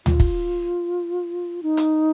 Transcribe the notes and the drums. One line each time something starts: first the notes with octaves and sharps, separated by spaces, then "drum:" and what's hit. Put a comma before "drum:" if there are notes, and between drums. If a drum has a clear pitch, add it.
F4, drum: tom D2
drum: kick
D#4
drum: hi-hat